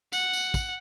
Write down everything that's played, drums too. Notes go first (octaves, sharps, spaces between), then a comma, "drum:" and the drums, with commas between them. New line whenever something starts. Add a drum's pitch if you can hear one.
F#5, drum: tambourine
drum: tambourine
drum: kick, tambourine